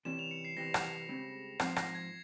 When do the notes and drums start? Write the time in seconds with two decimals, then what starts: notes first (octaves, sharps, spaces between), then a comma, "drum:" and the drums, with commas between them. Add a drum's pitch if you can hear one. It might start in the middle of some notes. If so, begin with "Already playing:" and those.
0.05 C3 E3 G3 C#4 E7
0.19 F7
0.31 C#7
0.45 C7
0.57 C2 C3 E3 G3 C4 A#6
0.74 drum: rim click
0.83 C7
1.09 C#2 C#3 G3 C4
1.60 G#2 F3 C4 C7, drum: rim click
1.76 A#6, drum: rim click
1.95 G#6